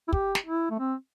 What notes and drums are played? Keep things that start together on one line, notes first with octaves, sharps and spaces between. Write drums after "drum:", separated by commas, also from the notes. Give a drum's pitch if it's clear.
E4
G4, drum: kick
drum: snare
E4
A3
C4